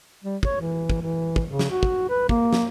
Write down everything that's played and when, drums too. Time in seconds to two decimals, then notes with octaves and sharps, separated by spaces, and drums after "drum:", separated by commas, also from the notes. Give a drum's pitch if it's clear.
0.24 G3
0.43 C#5, drum: kick
0.61 E3
0.90 drum: kick
1.02 E3
1.36 drum: kick
1.48 C#3
1.59 drum: snare
1.71 F#4
1.83 drum: kick
2.09 B4
2.29 A#3, drum: kick
2.53 drum: snare